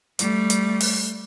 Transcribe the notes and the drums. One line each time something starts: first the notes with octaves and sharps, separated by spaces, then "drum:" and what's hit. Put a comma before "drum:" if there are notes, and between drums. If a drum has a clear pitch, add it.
G3 A3, drum: hi-hat
drum: hi-hat
drum: open hi-hat